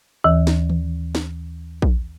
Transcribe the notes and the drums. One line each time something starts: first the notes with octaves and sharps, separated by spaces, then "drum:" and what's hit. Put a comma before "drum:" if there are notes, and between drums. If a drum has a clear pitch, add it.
D#2 E3
drum: snare
drum: tom D#3
drum: snare
drum: kick A#1